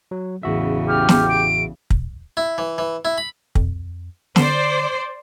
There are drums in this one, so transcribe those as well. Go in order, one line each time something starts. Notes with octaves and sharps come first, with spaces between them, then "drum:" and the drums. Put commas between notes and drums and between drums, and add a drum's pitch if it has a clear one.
F#3
A1 E2 C#3 F#4 E5
G4 F6
drum: snare
D7
drum: kick
E4
E3
E3
E4
B5
F2, drum: kick
D3 C5 D5, drum: snare